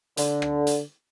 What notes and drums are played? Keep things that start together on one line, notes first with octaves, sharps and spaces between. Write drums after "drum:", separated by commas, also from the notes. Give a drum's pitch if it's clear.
D3, drum: hi-hat
drum: rim click
drum: hi-hat